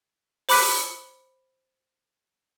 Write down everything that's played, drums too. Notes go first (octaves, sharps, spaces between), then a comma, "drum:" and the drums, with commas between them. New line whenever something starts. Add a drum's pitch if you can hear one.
C5 B5 D6 F#6 B6 D#7, drum: open hi-hat